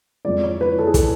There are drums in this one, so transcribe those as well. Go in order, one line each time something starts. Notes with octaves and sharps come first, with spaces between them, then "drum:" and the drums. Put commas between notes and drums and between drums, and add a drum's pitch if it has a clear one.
F2 F3 G#3 D5
C#5
B4
A4
G#4
A4, drum: kick, hi-hat